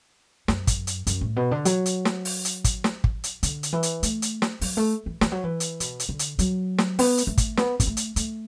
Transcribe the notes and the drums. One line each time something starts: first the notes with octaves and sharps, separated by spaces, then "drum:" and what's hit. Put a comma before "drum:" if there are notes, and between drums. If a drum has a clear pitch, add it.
F#2, drum: snare
drum: kick, hi-hat
drum: hi-hat
F#2, drum: hi-hat
A2
B2
D3
F#3, drum: hi-hat
drum: hi-hat
drum: snare
drum: open hi-hat
drum: hi-hat
drum: kick, hi-hat
drum: snare
drum: kick
drum: hi-hat
D3, drum: hi-hat
drum: hi-hat
E3
drum: hi-hat
A3, drum: hi-hat
drum: hi-hat
drum: snare
F#3, drum: open hi-hat
A3
E3
E3, drum: snare
F#3
E3
drum: hi-hat
B2, drum: hi-hat
drum: hi-hat
D3
drum: hi-hat
F#3, drum: hi-hat
drum: snare
B3, drum: open hi-hat
drum: hi-hat
A3
drum: kick, hi-hat
B3, drum: snare
B3, drum: kick, hi-hat
A3
drum: hi-hat
A3, drum: hi-hat